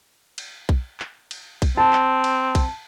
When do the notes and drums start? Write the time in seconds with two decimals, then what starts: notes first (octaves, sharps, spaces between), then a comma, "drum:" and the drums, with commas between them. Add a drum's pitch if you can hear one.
0.38 drum: cymbal
0.69 drum: kick B1
1.00 drum: clap
1.31 drum: cymbal
1.62 drum: kick B1, cymbal
1.77 C4 A5
1.93 drum: clap
2.24 drum: cymbal
2.55 drum: kick B1, cymbal